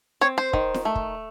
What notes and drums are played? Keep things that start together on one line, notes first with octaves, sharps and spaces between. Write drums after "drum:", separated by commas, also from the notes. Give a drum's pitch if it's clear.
C4 C#5
C5
D#3, drum: kick
drum: snare
A3
drum: kick